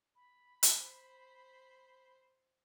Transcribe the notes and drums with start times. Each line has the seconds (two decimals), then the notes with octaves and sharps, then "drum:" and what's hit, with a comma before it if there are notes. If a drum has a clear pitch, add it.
0.16 B5
0.63 drum: hi-hat
0.76 C5